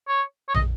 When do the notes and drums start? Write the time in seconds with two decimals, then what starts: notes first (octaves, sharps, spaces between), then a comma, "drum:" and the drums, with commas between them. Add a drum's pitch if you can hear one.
0.08 C#5
0.48 C#5
0.55 D#5, drum: tom